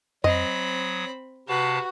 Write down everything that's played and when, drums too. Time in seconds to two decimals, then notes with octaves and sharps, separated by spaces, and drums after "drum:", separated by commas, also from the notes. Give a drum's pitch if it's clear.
0.24 F#3 C4 D#5 B5 D#6, drum: tom F2
1.48 C3 F#4 B4 F5 A5